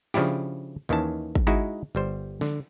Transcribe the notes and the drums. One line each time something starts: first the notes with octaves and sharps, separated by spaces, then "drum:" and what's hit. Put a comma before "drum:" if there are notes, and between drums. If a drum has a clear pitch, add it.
C#3 F3 D4 E4 G4, drum: snare
D#2 D#3 E3 C#4 A5
drum: kick G#1
G#3 D#4 E4 F#4
G1 G3 C5
D3, drum: snare